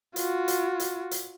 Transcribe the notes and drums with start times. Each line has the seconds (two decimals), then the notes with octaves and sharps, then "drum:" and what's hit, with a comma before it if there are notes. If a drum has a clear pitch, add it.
0.16 F4 F#4, drum: hi-hat
0.48 drum: hi-hat
0.80 drum: hi-hat
1.11 drum: hi-hat